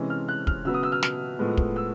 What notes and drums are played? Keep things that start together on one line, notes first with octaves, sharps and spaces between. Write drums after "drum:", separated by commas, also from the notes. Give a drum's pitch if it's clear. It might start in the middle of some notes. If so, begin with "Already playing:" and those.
Already playing: C3 E3 G#3 C#4
F6
F#6
F6, drum: kick
C#3 F#3 B3 E6
D#6
E6
F6
F6, drum: snare
A2 F3 G#3 B3
drum: kick
E6